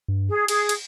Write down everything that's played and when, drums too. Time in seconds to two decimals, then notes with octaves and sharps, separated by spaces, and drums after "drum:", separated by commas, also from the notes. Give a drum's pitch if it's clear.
0.08 G2
0.29 G#4
0.48 G#4, drum: cymbal
0.69 drum: cymbal